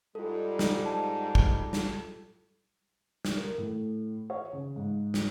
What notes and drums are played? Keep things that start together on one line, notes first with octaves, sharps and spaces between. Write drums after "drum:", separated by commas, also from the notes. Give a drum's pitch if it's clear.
G#2 G3 F4 A4
drum: snare
A5
drum: kick
drum: snare
drum: snare
A#4
A2
C#5
C#3
G#2
drum: snare